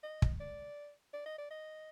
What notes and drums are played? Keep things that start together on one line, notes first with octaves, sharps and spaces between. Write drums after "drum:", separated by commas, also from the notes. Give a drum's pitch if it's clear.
D#5
drum: kick
D5
D5
D#5
D5
D#5